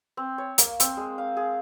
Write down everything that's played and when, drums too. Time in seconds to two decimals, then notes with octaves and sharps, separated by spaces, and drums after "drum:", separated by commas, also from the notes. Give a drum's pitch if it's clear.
0.17 C4
0.38 C#5
0.58 A#3, drum: hi-hat
0.80 C4, drum: hi-hat
0.97 G#3
1.18 F5
1.37 G#4